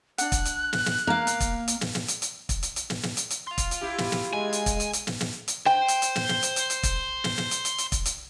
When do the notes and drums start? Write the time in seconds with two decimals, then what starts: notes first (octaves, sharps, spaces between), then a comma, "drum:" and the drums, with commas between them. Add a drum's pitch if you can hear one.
0.18 D4 F#5 F#6, drum: hi-hat
0.32 drum: kick, hi-hat
0.45 drum: hi-hat
0.73 drum: snare
0.86 drum: snare
1.07 A#3 A#4 F5
1.27 drum: hi-hat
1.40 drum: kick, hi-hat
1.68 drum: hi-hat
1.81 drum: snare
1.95 drum: snare
2.08 drum: hi-hat
2.22 drum: hi-hat
2.49 drum: kick, hi-hat
2.63 drum: hi-hat
2.76 drum: hi-hat
2.90 drum: snare
3.03 drum: snare
3.17 drum: hi-hat
3.30 drum: hi-hat
3.47 F5 C6
3.58 drum: kick, hi-hat
3.71 drum: hi-hat
3.81 E4 G4
3.98 drum: snare
4.12 drum: snare
4.33 G#3 G#5
4.53 drum: hi-hat
4.66 drum: kick, hi-hat
4.80 drum: hi-hat
4.93 drum: hi-hat
5.07 drum: snare
5.20 drum: snare
5.48 drum: hi-hat
5.66 C5 G5
5.88 drum: hi-hat
6.02 drum: hi-hat
6.16 drum: snare
6.29 drum: snare
6.43 drum: hi-hat
6.56 drum: hi-hat
6.70 drum: hi-hat
6.83 drum: kick, hi-hat
7.24 drum: snare
7.38 drum: snare
7.51 drum: hi-hat
7.65 drum: hi-hat
7.78 drum: hi-hat
7.92 drum: kick, hi-hat
8.06 drum: hi-hat